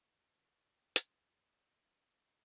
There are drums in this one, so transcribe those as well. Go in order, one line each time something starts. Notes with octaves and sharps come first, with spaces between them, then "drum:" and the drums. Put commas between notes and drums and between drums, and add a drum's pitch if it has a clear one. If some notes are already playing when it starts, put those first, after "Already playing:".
D#4
C#6
D5
G4
C5, drum: hi-hat
B3
D#5
A3
F5
C#4
D#4